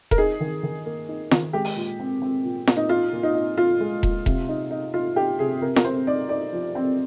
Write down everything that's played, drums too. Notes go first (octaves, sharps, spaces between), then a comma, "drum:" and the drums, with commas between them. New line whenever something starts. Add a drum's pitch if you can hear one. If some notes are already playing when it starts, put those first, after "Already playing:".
A#4, drum: kick E1
D#4 G#4
D#3
D#3
A#3
D#4
D#3, drum: snare
G#3 G4
drum: open hi-hat
A#2
C4
C4
A#2
A#2, drum: snare
D#4
D#4 F4
A#2
D#4
D#4
A#2 F4
G#3
A#2, drum: kick E1
C3, drum: kick E1
D#4
D#4
D#4 F4
D#4 G4
C3 G#4
C3 A#4
A#4, drum: snare
C4 C5
D#4 D5
D#4 D5
F3
C4